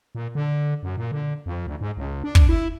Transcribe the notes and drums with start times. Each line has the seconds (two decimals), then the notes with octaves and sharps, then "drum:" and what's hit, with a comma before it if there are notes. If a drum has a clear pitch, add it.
0.15 A#2
0.35 D3
0.83 F#2
0.97 A#2
1.12 D3
1.46 F2
1.67 D2
1.81 G#2
1.97 C#2
2.24 D4
2.35 drum: kick
2.49 E4